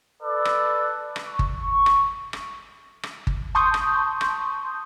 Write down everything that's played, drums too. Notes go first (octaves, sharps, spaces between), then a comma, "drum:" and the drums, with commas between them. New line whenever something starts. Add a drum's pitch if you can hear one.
A4 B4 D5
drum: rim click
drum: rim click
C#6
drum: kick G1
drum: rim click
drum: rim click
drum: rim click
drum: kick G1
A5 C6 C#6 D#6 G6
drum: rim click
drum: rim click